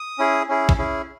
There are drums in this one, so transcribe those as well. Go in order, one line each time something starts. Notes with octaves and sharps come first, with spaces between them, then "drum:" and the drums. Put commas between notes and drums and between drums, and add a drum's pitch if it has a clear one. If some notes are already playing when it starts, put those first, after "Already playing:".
Already playing: D#6
C#4 E4 G#4
C#4 E4 G#4
drum: kick
C#4 E4 G#4